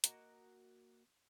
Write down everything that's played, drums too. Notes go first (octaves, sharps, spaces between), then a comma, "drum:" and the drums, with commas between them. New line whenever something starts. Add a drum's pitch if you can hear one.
A#3 F#4 D#5 A#5, drum: hi-hat